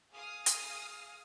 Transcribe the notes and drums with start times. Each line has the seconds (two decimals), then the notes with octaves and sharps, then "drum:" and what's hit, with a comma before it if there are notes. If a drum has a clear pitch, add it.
0.12 G#4 F5 D#6 F6
0.46 drum: hi-hat